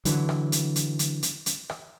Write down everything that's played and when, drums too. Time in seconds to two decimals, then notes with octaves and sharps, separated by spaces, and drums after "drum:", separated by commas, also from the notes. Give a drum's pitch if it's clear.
0.05 D3 E3 F#3, drum: hi-hat
0.29 drum: rim click
0.52 drum: hi-hat
0.76 drum: hi-hat
0.99 drum: hi-hat
1.23 drum: hi-hat
1.46 drum: hi-hat
1.70 drum: rim click